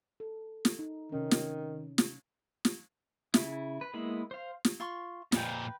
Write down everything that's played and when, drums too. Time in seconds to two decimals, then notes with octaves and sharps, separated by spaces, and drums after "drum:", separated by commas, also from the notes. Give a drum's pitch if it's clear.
0.20 A4
0.65 drum: snare
0.79 D#4
1.12 C3 D#3 C#4
1.31 drum: snare
1.98 drum: snare
2.65 drum: snare
3.34 C#3 E4, drum: snare
3.81 B4
3.94 G#3 A#3 B3 E4 B5
4.31 C5 F5
4.65 drum: snare
4.80 F4 C6 C#6
5.32 F2 A#2 B4 G5, drum: snare